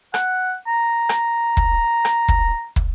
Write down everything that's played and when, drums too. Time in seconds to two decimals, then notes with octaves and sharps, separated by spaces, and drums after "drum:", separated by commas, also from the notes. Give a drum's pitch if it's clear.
0.14 F#5, drum: rim click
0.67 A#5
1.09 drum: rim click
1.57 drum: kick
2.05 drum: rim click
2.28 drum: kick
2.76 drum: kick